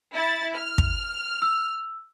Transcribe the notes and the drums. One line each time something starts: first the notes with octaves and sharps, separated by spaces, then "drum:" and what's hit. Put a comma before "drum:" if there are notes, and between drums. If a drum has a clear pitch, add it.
E4 A6
F6
drum: kick
E6